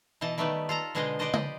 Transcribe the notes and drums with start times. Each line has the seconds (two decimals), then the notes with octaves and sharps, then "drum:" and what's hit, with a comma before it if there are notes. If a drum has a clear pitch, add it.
0.21 B2 E3 D#5 A5
0.38 D#3 G3 A3 B3 G4 B4
0.69 F4 A4 A#5
0.95 B2 D3 G#3 B3 C5 D#5
1.19 G4 B4 C5 D5 D#5 A5
1.33 D5 D#5, drum: tom